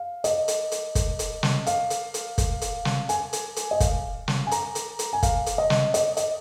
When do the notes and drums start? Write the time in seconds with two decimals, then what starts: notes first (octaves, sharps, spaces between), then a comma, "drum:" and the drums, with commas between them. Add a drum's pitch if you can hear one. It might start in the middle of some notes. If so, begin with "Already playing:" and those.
Already playing: F5
0.24 D#5, drum: hi-hat
0.48 drum: hi-hat
0.72 drum: hi-hat
0.95 drum: kick, hi-hat
1.19 drum: hi-hat
1.43 drum: snare
1.66 F5, drum: hi-hat
1.90 drum: hi-hat
2.14 drum: hi-hat
2.38 drum: kick, hi-hat
2.61 drum: hi-hat
2.85 drum: snare
3.09 G#5, drum: hi-hat
3.33 drum: hi-hat
3.56 drum: hi-hat
3.71 D#5
3.80 F5, drum: kick, hi-hat
4.28 drum: snare
4.47 G#5
4.51 A#5, drum: hi-hat
4.75 drum: hi-hat
4.99 drum: hi-hat
5.13 G#5
5.23 F5, drum: kick, hi-hat
5.46 drum: hi-hat
5.58 D#5
5.70 drum: snare
5.94 D#5, drum: hi-hat
6.17 D#5, drum: hi-hat